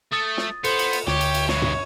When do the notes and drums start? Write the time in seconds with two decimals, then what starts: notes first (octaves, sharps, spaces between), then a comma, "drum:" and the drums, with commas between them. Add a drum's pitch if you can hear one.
0.12 A3 D#6 A6
0.38 drum: snare
0.64 B3 A4 C5 C#7, drum: cymbal
0.79 drum: cymbal
0.93 drum: cymbal
1.07 D2 D3 G4 C#5, drum: snare
1.21 drum: cymbal
1.34 drum: cymbal
1.48 G2 B2 C#5, drum: snare
1.62 drum: tom